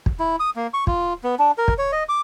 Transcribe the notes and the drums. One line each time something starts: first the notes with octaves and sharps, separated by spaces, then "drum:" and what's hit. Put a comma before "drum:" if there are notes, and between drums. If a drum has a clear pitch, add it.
drum: kick
E4
D#6
A#3
C#6
F4, drum: kick
B3
D4
A#4
drum: kick
C#5
D#5
D6